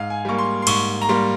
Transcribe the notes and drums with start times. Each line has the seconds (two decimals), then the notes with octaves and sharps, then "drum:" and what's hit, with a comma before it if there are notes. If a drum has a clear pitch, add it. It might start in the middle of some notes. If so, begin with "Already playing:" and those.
Already playing: G#2 F5
0.10 G#5
0.25 G3 A#3 C#6
0.38 C6
0.62 C6
0.67 G#2 C#6, drum: cymbal
1.02 A#5
1.09 G3 A#3 C6